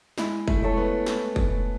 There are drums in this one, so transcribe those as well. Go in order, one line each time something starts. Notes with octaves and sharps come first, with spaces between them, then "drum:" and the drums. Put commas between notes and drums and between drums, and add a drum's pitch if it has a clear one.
G#3 E4, drum: snare
A3, drum: kick
A4 C#5 E5
A3
B3
drum: snare
drum: kick